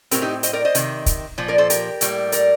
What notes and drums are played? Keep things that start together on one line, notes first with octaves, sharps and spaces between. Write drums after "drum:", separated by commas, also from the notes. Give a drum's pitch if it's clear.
A2 F3 C4 G4 A#4, drum: hi-hat
D#4 G4
C5 D#5, drum: hi-hat
A#4 D5
C5 D#5
C3 D#3, drum: hi-hat
drum: kick, hi-hat
A#2 F3
A#4 D5
A4 C5
G4 A#4, drum: hi-hat
A2 G3 A#3, drum: hi-hat
A#4 D5, drum: hi-hat